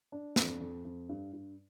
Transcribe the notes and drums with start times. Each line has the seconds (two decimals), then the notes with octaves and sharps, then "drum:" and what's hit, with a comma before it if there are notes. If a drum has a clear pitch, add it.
0.12 D4
0.36 F2, drum: snare
0.61 F2
0.85 F2
1.09 G2
1.33 G2